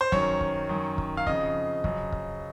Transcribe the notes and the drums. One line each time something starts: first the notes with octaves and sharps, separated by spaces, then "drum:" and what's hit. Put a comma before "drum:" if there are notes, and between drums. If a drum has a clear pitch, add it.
C5
F#2 D#3 C#5, drum: kick
drum: kick
F#2 D#3
drum: kick
F5
F2 C#3 D#5, drum: kick
F#2 C#3, drum: kick
drum: kick